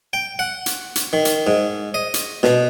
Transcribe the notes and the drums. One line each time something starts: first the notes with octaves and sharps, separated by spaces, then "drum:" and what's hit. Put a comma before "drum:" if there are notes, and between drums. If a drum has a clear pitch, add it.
G5
F#5
drum: hi-hat
drum: hi-hat
D#3
drum: hi-hat
G#2
D#5
drum: hi-hat
B2, drum: snare